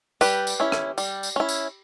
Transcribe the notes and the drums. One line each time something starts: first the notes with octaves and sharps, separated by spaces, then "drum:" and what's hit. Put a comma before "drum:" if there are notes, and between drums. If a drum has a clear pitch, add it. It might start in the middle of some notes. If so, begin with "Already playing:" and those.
G3 G4 B4, drum: tambourine
drum: tambourine
C#4 E4
drum: rim click
G3, drum: tambourine
drum: tambourine
C#4 E4
drum: tambourine